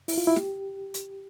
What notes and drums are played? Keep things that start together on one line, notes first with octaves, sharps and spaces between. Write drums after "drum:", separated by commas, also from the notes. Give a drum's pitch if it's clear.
E4, drum: open hi-hat
F4
E4
G4, drum: snare
drum: hi-hat